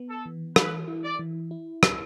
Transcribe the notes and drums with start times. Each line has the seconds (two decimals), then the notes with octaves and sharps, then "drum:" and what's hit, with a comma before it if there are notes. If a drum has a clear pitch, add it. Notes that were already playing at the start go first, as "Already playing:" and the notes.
Already playing: B3
0.09 A4
0.26 E3
0.56 E3 B4, drum: rim click
0.88 E4
1.04 D5
1.19 E3
1.51 E4
1.83 drum: rim click